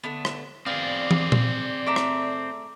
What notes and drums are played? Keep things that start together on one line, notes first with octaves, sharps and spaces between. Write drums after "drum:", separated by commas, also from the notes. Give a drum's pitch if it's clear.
D3 A3 B3
drum: rim click
B3 C4 G#4 D5 F5
drum: tom
drum: tom A#2
A3 E5 A#5 D6
drum: rim click